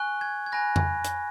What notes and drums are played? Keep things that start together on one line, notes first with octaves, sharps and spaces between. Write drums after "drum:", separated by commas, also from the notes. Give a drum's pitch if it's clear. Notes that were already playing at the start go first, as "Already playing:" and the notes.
Already playing: G#5 C#6 F#6
G#6
G#6
G#5 B5 F#6 A#6
drum: tom F2
drum: hi-hat